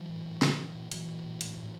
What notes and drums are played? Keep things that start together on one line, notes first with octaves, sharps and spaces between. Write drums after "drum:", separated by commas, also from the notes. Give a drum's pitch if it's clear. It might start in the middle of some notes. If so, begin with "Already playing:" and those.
Already playing: E3 F#3
A2
A2
A#2, drum: snare
A#2
A#2
A#2 E3 F#3, drum: hi-hat
A#2
A#2
A2, drum: hi-hat
A2